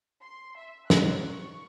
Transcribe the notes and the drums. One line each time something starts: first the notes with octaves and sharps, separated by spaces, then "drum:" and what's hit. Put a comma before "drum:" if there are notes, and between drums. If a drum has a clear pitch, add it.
C6
E5
F#6, drum: snare
C#6